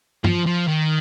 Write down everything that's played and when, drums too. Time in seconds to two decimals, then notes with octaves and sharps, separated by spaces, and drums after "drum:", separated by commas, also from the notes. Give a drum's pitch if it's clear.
0.24 F3, drum: tom G2
0.46 F3
0.67 D#3